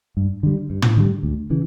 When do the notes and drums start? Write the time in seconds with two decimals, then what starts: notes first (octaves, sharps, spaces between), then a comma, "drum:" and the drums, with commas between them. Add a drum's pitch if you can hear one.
0.17 G2
0.43 D3 G3
0.70 G2
0.82 drum: tom
0.97 D3 G3
1.23 D2
1.50 C#3 E3